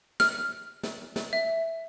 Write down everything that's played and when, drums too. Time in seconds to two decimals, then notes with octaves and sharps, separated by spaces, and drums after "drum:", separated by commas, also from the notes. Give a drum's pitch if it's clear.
0.20 F6, drum: snare
0.83 drum: snare
1.16 drum: snare
1.33 E5